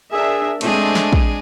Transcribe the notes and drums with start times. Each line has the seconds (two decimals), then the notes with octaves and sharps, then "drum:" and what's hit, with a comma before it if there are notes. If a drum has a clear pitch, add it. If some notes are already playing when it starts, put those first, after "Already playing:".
0.12 D4 G#4 A#4 E5
0.61 G#3 A3 C4 D4 G#4, drum: cymbal
0.95 drum: snare
1.13 drum: kick